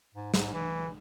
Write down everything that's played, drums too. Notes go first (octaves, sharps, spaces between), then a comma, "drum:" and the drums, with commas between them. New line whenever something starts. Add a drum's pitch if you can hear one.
G#2
G#2, drum: snare
E3